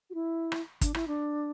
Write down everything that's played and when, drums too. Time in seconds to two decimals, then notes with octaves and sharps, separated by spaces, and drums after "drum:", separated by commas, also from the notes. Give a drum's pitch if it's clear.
0.10 F#4
0.14 E4
0.52 drum: rim click
0.81 D4, drum: kick, hi-hat
0.94 E4, drum: rim click
1.08 D4